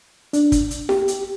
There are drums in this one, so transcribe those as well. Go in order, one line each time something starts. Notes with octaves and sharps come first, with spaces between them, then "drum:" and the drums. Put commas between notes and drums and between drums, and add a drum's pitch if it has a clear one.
D4, drum: hi-hat
drum: kick, hi-hat
drum: hi-hat
G4, drum: snare E4
drum: hi-hat